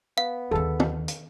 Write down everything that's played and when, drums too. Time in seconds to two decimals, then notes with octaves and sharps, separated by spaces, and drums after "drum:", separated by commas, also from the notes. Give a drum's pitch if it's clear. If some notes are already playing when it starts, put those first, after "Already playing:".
0.18 B3 F5
0.51 D#2 D3 G#4 A4
0.80 drum: tom
1.08 drum: hi-hat